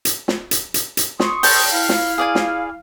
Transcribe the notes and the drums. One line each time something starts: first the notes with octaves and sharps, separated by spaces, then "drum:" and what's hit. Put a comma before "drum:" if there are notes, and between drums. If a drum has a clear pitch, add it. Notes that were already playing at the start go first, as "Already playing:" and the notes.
drum: hi-hat
drum: snare
drum: hi-hat
drum: hi-hat
drum: hi-hat
C6 C#6 D#6, drum: snare
G5 A5, drum: open hi-hat
E4 F5
drum: snare
G#4 D5 G#5
drum: snare